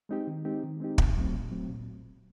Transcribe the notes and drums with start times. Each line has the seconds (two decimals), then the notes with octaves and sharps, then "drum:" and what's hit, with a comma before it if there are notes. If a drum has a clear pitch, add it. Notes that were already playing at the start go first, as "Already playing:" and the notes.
0.09 G#3 C4 D#4 G4
0.27 D#3
0.45 G#3 C4 D#4 G4
0.63 D#3
0.80 G#3 C4 D#4 G4
0.98 A#2, drum: kick
1.17 F#3 A3 C4
1.33 A#2
1.51 F#3 A3 C4
1.69 A#2